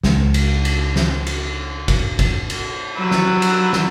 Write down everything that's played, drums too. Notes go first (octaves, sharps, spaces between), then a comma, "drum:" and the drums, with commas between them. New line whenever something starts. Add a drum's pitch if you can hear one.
C#2 G#3, drum: snare
drum: cymbal
drum: cymbal
drum: snare
drum: cymbal
drum: kick G1, cymbal
drum: kick G1, cymbal
drum: cymbal
F#3 G3 B4 E6
drum: snare
drum: cymbal
drum: snare